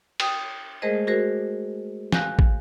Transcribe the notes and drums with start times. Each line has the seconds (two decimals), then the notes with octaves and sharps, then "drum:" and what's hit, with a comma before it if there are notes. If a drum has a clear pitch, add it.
0.20 G5 D#6, drum: cymbal
0.82 G#3 A3 G#4 A#4 C5 D#5
1.07 F#4 G#4 A#4 C5
2.12 F5 G#5 F#6 G6 A#6, drum: snare
2.39 drum: kick